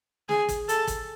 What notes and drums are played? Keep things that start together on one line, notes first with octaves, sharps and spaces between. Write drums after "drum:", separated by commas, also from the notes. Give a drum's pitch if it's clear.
G#4, drum: snare
drum: kick, hi-hat
A4, drum: hi-hat
drum: kick, hi-hat